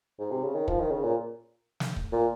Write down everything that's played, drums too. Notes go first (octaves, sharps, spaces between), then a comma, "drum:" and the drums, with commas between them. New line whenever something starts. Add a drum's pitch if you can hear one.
G#2
C3
C#3
D#3
F3, drum: kick
D#3
C#3
A#2
drum: snare
drum: kick
A#2